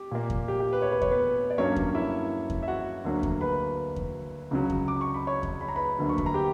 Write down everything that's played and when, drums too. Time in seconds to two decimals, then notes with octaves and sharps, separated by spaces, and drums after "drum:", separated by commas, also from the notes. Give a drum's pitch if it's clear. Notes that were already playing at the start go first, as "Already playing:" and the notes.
Already playing: G4
0.11 A#2 A#3
0.30 drum: kick E2
0.48 G4
0.60 G4
0.73 B4
0.82 C#5
0.92 B4
1.02 C#5, drum: kick E2
1.11 B3 B4
1.50 D5
1.58 G2 F#3 A#3 C#4 C#5
1.76 drum: kick E2
1.95 E4 E5
2.50 drum: kick E2
2.63 E5
2.68 F#4 F#5
3.05 D2 D3 F#3 A#3
3.23 drum: kick E2
3.41 B4 B5
3.96 drum: kick E2
4.51 C#2 C#3 F#3
4.70 drum: kick E2
4.88 D6
5.01 C#6
5.14 B5
5.27 C#5 C#6
5.43 drum: kick E2
5.61 B5
5.68 A#5
5.76 B4 B5
5.98 D2 D3 F#3 A#3
6.09 C#6
6.18 B5, drum: kick E2
6.26 A#5
6.34 G4 G5